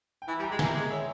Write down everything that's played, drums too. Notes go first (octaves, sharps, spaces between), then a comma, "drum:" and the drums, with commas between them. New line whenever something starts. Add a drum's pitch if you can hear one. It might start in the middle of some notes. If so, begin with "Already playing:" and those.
G5
E3 E5 G#5
G3
G5 A#5
G#3
A#3 E5 G#5, drum: snare
G#3
C#5 E5